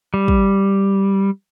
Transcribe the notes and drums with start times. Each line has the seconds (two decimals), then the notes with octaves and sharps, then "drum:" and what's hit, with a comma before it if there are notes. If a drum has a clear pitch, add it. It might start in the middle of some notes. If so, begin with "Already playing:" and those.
0.14 G3
0.28 drum: kick